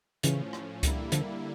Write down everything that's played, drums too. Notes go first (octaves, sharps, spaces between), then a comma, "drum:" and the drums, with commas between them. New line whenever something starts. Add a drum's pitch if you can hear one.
A2 C#3 E3 F3 C#4, drum: hi-hat
drum: rim click
D3 G3 A#3 E4, drum: kick C#2, hi-hat
D3 F3, drum: hi-hat